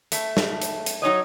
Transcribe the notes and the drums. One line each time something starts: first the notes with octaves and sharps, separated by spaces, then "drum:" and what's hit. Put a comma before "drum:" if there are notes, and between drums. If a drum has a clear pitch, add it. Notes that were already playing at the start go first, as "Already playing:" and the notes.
A3, drum: hi-hat
drum: snare
drum: hi-hat
drum: hi-hat
F#3 D#4 C#5 D#5